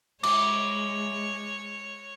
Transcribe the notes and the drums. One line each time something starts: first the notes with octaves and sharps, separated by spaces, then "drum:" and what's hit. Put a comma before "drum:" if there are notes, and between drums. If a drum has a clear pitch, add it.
G#3 C#5 D6, drum: cymbal